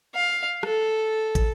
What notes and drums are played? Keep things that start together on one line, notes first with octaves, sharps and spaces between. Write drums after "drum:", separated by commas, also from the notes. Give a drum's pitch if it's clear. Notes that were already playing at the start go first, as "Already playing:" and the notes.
F5
A4, drum: rim click
drum: kick, hi-hat